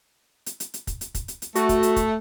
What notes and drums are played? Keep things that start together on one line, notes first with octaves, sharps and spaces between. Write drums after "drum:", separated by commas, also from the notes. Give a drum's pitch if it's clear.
drum: hi-hat
drum: hi-hat
drum: hi-hat
drum: kick, hi-hat
drum: hi-hat
drum: kick, hi-hat
drum: hi-hat
drum: hi-hat
A3 F#4, drum: hi-hat
drum: kick, hi-hat
drum: hi-hat
drum: kick, hi-hat